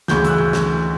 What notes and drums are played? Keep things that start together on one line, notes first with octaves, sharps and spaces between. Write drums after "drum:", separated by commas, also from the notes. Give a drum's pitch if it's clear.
D2 C#3 E3 G6, drum: snare
E6, drum: hi-hat
F#6
drum: tom A2
drum: snare